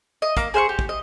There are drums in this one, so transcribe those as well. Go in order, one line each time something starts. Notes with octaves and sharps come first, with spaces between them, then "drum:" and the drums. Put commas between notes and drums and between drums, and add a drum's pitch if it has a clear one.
D#5
A#3 D6, drum: kick, hi-hat
G#4 C5 F5 C#6
G4
drum: kick
D#5